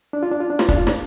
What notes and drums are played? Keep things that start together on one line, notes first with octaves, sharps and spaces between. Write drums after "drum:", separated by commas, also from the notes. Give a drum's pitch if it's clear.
D4
F4
D4
F4
D4
F4, drum: snare
D4, drum: kick
F4
D4, drum: snare